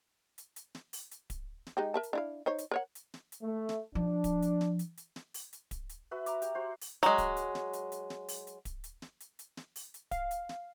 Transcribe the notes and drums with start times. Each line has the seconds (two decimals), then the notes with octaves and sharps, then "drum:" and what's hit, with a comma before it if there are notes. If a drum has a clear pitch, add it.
0.38 drum: hi-hat
0.56 drum: hi-hat
0.75 drum: snare
0.93 drum: open hi-hat
1.11 drum: hi-hat
1.30 drum: kick D1, hi-hat
1.66 drum: snare
1.77 G#3 D#4 G4
1.94 A#4 E5 A5
2.03 drum: hi-hat
2.13 D4 E4 F5
2.46 D#4 C5 C#5
2.58 drum: hi-hat
2.71 A#4 C#5 F#5
2.95 drum: hi-hat
3.14 drum: snare
3.32 drum: hi-hat
3.43 A3
3.69 drum: snare
3.95 F3 D4
4.24 drum: kick D1, hi-hat
4.42 drum: hi-hat
4.61 drum: snare
4.79 drum: hi-hat
4.97 drum: hi-hat
5.16 drum: snare
5.34 drum: open hi-hat
5.53 drum: hi-hat
5.71 drum: kick D1, hi-hat
5.89 drum: hi-hat
6.11 F#4 B4 E5
6.26 A#5 D6, drum: hi-hat
6.42 G4, drum: hi-hat
6.55 F#4 C5
6.81 drum: open hi-hat
7.03 F#3 G#3, drum: hi-hat
7.18 drum: kick D1, hi-hat
7.37 drum: hi-hat
7.55 drum: snare
7.73 drum: hi-hat
7.92 drum: hi-hat
8.10 drum: snare
8.28 drum: open hi-hat
8.47 drum: hi-hat
8.65 drum: kick D1, hi-hat
8.84 drum: hi-hat
9.02 drum: snare
9.20 drum: hi-hat
9.39 drum: hi-hat
9.57 drum: snare
9.76 drum: open hi-hat
9.94 drum: hi-hat
10.11 F5, drum: kick D1, hi-hat
10.31 drum: hi-hat
10.49 drum: snare